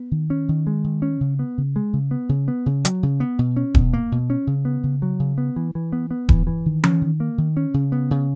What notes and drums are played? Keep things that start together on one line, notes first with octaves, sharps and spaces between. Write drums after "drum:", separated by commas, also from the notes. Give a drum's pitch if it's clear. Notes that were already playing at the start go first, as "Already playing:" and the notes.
Already playing: B3
D#3
C#4
D#3
G#3
D#3
C#4
C#3
B3
C#3
G#3
C#3
B3
C#3
B3
C#3
F#3, drum: hi-hat
C#3
B3
B2
C#4
B2, drum: kick D#1
A#3
B2
C#4
C#3
B3
C#3
F#3
C#3
B3
E3
E3
B3
B3
E3, drum: kick D#1
E3
D#3
C#4, drum: tom E3
D#3
A#3
D#3
C#4
C#3
B3
C#3